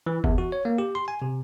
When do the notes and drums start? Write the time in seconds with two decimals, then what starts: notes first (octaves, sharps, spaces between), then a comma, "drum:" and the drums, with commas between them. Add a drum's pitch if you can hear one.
0.06 E3
0.24 E2, drum: kick F#1
0.38 F#4
0.52 C#5
0.65 A#3
0.78 G4
0.95 C6
1.08 G#5
1.22 C3